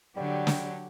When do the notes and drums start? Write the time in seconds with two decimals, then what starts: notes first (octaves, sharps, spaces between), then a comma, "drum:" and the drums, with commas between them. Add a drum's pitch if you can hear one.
0.16 D3 F#3 G3 G4
0.47 drum: snare